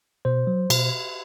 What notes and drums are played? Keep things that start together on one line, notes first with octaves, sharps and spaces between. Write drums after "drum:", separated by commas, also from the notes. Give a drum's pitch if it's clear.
B2 C5
F#3
B2, drum: cymbal